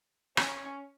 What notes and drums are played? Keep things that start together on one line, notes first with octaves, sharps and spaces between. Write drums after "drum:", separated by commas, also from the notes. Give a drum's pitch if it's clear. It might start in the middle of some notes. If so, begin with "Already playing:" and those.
C#4, drum: rim click